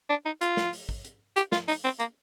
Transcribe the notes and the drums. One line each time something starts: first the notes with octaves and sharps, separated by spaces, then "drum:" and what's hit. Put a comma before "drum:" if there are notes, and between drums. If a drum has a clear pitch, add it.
D4
D#4
F4, drum: hi-hat
drum: snare
drum: open hi-hat
drum: kick
drum: hi-hat
G4, drum: hi-hat
F4, drum: snare
D#4, drum: open hi-hat
C4
A#3, drum: hi-hat